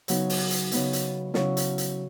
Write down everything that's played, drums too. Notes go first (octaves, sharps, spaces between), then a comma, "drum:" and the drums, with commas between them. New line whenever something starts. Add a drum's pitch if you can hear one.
C#3 F#3 B3 D#4, drum: hi-hat
drum: open hi-hat
drum: hi-hat
C#3 F#3 B3 D#4, drum: hi-hat
drum: hi-hat
C#3 F#3 C#4 E4, drum: snare
drum: hi-hat
drum: hi-hat